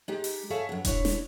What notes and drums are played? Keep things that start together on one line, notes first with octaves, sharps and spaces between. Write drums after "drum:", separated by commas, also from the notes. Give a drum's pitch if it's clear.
G#3 D#4 G4
drum: open hi-hat
G#4 A4 C#5 E5 F5
F#2 B3
D4 E4 C#5, drum: kick E1, hi-hat
drum: snare